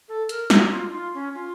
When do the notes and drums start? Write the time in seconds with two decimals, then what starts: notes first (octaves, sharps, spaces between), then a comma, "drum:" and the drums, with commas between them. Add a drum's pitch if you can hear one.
0.08 A4
0.29 A#4, drum: hi-hat
0.50 F#4, drum: snare
0.71 F4
0.88 D#4
0.92 F4
1.14 C#4
1.34 F4